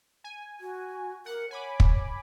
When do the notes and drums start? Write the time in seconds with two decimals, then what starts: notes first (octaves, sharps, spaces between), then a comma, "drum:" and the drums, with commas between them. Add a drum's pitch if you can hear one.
0.24 G#5
0.60 F#4
1.26 A#4 F#5
1.51 C#5 G#5 B5 D6
1.80 drum: kick